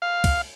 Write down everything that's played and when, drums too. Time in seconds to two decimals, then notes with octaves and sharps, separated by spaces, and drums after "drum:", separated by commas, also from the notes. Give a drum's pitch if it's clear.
0.02 F5
0.24 drum: kick, cymbal